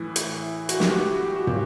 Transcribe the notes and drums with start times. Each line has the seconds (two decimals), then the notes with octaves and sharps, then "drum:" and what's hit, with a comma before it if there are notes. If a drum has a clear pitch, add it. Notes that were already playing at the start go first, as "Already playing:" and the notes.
Already playing: A2 E3 E4
0.16 drum: hi-hat
0.69 F#4, drum: hi-hat
0.80 G4, drum: snare
0.91 F#4
1.02 G4
1.14 F#4
1.25 G4
1.36 F#4
1.47 G4, drum: tom